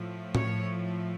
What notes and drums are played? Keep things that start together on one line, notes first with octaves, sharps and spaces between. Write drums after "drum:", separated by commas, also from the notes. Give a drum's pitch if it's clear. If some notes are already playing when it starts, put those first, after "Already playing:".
Already playing: A2 F3 A3
C#5, drum: tom A2